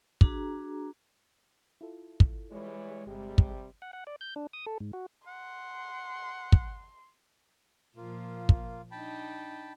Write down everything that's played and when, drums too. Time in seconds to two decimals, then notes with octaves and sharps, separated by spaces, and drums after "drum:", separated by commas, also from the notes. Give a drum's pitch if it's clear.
0.21 D4 F#4 G#4 A#5, drum: kick
1.81 E4 F4 A4
2.20 drum: kick
2.51 E3 G3 G#3 C#5
3.07 G1 C3 G3 G4
3.38 drum: kick
3.82 F#5
3.93 F#5
4.07 D5
4.21 G6
4.36 D4
4.53 D#6
4.66 A4
4.80 G#2
4.93 F#4
5.27 F#5 C6
6.52 drum: kick
7.97 A#2 F3 A#3 F4
8.49 drum: kick
8.91 D4 D#4 G5 A5 B5